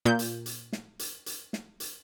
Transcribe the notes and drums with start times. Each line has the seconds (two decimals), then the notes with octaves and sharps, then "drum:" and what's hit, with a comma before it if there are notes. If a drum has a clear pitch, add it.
0.05 A#2 G6
0.19 drum: hi-hat
0.46 drum: hi-hat
0.73 drum: snare
0.99 drum: hi-hat
1.26 drum: hi-hat
1.53 drum: snare
1.80 drum: hi-hat